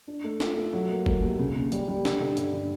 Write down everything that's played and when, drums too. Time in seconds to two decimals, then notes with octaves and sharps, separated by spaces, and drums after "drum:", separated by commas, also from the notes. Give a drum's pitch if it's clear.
0.08 D4
0.24 A3
0.40 F4, drum: snare D4
0.57 A3
0.73 F#3
0.89 A#3
1.06 A#3, drum: kick F#1
1.22 D#2
1.39 C#3
1.55 C#3
1.72 G3, drum: hi-hat
1.88 G3
2.05 D3, drum: snare D4
2.20 D3
2.37 G2, drum: hi-hat
2.53 D3